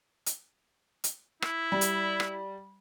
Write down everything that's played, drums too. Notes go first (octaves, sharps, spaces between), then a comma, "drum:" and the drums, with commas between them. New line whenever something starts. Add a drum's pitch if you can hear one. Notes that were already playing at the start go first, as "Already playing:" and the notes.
drum: hi-hat
drum: hi-hat
E4, drum: rim click
G3
drum: hi-hat
drum: rim click